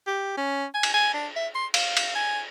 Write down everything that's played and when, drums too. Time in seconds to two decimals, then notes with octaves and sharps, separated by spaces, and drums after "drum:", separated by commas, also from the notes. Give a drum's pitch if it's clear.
0.07 G4
0.37 C#4
0.74 G#5
0.83 drum: cymbal
0.94 G#5
1.14 D4
1.36 E5
1.55 C6
1.74 F5, drum: cymbal
1.97 drum: cymbal
2.15 G#5